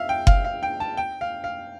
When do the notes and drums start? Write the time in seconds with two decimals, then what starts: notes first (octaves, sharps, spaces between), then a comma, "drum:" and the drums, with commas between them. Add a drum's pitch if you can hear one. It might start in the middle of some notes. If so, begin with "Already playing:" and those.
Already playing: E5 F5
0.09 G5
0.27 F5, drum: kick F#1
0.45 F5
0.63 G5
0.80 A5
0.97 G5
1.21 F5
1.44 F5